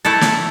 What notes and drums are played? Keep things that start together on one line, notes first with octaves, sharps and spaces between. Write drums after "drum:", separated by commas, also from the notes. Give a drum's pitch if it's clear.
A3 E4 A4
drum: snare